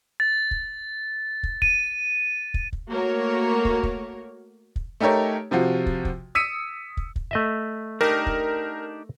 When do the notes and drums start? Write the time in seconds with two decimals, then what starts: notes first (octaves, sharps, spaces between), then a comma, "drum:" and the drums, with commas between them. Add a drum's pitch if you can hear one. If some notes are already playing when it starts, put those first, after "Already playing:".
0.20 A6
0.51 drum: kick
1.43 drum: kick
1.62 D#7, drum: kick
2.54 drum: kick
2.73 drum: kick
2.90 A3 A#3 F#4 A#4 C#5
3.65 drum: kick
3.83 drum: kick
4.76 drum: kick
5.00 A3 D#4 G4 A#4 C#5
5.51 C3 F3 F4 F#4
5.86 drum: kick
6.05 drum: kick
6.35 D#6 E6 B6 C#7 D#7
6.97 drum: kick
7.16 drum: kick
7.31 A3 D#5 E5
8.01 D4 D#4 G4 A#4
8.26 drum: kick